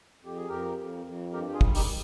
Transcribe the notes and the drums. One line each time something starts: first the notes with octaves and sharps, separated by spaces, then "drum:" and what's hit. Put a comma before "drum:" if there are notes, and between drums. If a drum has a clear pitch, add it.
F2 G4
G#4
F2 G4 A#4
F2
F2
G2 G4 A#4
G4
F4 G#4
G3, drum: kick
D#4 G4, drum: open hi-hat